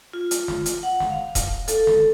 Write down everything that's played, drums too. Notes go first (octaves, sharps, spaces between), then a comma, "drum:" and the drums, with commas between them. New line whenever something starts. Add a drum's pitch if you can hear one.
F4
drum: hi-hat
drum: snare
drum: hi-hat
F#5
drum: snare
F5
drum: kick D#1, hi-hat
A4, drum: hi-hat
drum: snare